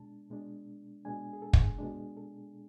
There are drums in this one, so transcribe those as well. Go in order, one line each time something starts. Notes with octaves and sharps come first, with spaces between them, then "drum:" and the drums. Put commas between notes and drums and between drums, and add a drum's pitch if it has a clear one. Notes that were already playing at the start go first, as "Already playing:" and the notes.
Already playing: B2 G#3 D4 A5
B2 G#3 D4
B2 G#3 D4 G#5
G#4
A4
drum: kick
B2 G#3 D4
A4